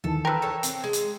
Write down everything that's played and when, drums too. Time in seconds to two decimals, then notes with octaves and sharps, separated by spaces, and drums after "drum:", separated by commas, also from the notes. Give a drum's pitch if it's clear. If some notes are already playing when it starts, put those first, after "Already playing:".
0.04 D#2 D#3 E3 A4
0.25 A#4 B4 G5 E6
0.42 A4 C#5
0.63 C4, drum: hi-hat
0.84 G#3
0.93 drum: hi-hat